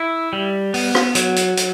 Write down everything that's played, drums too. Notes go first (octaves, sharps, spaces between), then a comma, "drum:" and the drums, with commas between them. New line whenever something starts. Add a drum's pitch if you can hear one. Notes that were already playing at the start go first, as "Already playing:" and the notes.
Already playing: E4
G3
B3, drum: open hi-hat
drum: rim click
F#3, drum: hi-hat
drum: hi-hat
drum: hi-hat